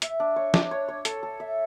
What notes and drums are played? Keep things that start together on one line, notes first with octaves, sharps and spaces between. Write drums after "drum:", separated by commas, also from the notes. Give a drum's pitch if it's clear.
E5, drum: hi-hat
D4
C#5
D4, drum: snare
C#5
C#5
A4, drum: hi-hat
A4
E5